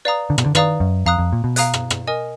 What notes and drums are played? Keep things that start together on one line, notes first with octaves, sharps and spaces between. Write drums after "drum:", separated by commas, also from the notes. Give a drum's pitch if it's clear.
B4 D5 F5 A#5 D#6
D3
B2, drum: rim click
D3
D#3 B4 D5 F5 A#5 D#6, drum: rim click
F#2
F2 F5 A#5 D#6 F#6
F2
A#2
B2
F5 A#5 D#6 F#6, drum: hi-hat
drum: rim click
drum: rim click
A#4 D#5 G#5 D#6